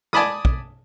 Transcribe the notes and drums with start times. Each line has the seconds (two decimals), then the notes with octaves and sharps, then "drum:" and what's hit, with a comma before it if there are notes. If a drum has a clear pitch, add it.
0.13 D5 G#5 A5 B5 D6 D#6, drum: snare
0.45 drum: kick